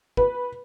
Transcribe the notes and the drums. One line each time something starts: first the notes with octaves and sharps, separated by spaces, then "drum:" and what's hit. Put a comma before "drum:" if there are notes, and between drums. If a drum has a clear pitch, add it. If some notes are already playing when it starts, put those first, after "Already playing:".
B4, drum: kick